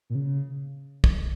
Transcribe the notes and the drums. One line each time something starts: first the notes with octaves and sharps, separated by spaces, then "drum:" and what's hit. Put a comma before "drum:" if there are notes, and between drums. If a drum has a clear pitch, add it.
A#2
C#3
drum: kick